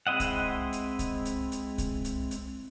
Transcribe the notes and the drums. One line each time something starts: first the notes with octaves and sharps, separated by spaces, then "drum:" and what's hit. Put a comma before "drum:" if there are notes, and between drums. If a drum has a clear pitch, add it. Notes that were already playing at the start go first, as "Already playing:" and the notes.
G#3 C4 E4 D#5 F#5
drum: kick C2, hi-hat
drum: hi-hat
drum: kick C2, hi-hat
drum: hi-hat
drum: hi-hat
drum: kick C2, hi-hat
drum: hi-hat
drum: hi-hat